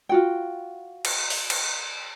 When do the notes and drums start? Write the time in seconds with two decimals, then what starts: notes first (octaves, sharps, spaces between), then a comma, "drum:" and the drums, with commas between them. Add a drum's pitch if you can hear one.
0.09 F4 F#4 G5
1.05 drum: cymbal
1.30 drum: open hi-hat
1.50 drum: cymbal